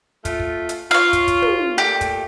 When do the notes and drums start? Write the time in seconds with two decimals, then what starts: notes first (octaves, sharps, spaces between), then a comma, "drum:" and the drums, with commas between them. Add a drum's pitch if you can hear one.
0.25 A3 F4, drum: kick, hi-hat
0.40 drum: kick
0.69 drum: hi-hat
0.91 F4 C#5 F5
1.13 drum: kick, hi-hat
1.28 drum: kick, hi-hat
1.42 drum: tom
1.78 A#2 A3 G4
2.01 drum: kick, hi-hat